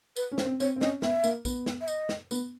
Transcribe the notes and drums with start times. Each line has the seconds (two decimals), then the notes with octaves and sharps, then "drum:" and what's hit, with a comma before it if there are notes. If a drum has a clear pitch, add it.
0.16 B4, drum: tambourine
0.31 C#4
0.38 C5, drum: snare
0.45 C4
0.60 C4 C#5, drum: tambourine
0.76 C4
0.81 C#4 D#5, drum: snare
1.02 B3 E5, drum: snare
1.24 A#3, drum: tambourine
1.45 B3, drum: kick, tambourine
1.66 drum: snare
1.81 E5
1.88 D#5, drum: tambourine
2.09 drum: snare
2.31 B3, drum: tambourine